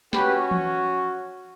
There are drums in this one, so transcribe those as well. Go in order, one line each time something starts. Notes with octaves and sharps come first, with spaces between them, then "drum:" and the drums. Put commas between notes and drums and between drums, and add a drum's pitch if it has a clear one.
C#4 F#4 G4 B4, drum: snare
drum: tom E3